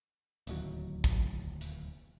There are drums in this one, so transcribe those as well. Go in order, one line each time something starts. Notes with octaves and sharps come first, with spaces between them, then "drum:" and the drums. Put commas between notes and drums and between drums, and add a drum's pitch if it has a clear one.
D1 D#2 F#3, drum: hi-hat
drum: kick A1, hi-hat
drum: hi-hat